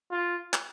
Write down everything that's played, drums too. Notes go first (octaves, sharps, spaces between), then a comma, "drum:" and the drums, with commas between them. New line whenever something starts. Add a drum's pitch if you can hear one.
F4
drum: clap